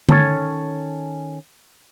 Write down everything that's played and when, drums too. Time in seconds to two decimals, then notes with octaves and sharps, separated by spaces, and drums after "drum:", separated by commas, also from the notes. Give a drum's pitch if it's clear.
0.09 D#3 C#4 A4 C#5, drum: tom D3